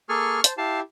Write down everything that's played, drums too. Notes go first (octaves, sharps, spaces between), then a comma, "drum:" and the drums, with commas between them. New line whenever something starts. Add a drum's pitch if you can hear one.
A#3 G#4 A4 C#6 F6
C5 A5, drum: hi-hat
E4 G4 F5 A5